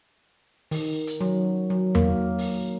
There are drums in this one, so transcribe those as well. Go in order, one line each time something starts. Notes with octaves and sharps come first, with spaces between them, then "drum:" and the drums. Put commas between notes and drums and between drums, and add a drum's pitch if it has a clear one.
D#3, drum: open hi-hat
drum: hi-hat
F#3
F#3
A#3, drum: tom E2
drum: open hi-hat